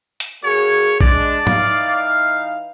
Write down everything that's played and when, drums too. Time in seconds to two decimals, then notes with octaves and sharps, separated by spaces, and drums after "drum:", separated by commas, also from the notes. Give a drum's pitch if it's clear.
0.20 drum: hi-hat
0.44 A#3 F#4 G#4 C#5
1.01 G#3 D4 D5, drum: kick A#1
1.47 E3 D#4 F5, drum: tom G#2